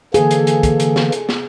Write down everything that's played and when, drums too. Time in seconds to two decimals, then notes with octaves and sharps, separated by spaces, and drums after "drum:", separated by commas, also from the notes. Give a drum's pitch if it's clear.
0.14 D3 E3 A#3 G#4 A4, drum: hi-hat
0.31 drum: hi-hat
0.47 drum: hi-hat
0.63 drum: kick, hi-hat
0.80 drum: hi-hat
0.96 drum: snare
1.12 drum: hi-hat
1.29 drum: snare